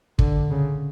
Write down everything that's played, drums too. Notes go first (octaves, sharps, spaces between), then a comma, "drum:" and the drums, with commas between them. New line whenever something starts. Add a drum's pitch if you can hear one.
D3, drum: kick
C#3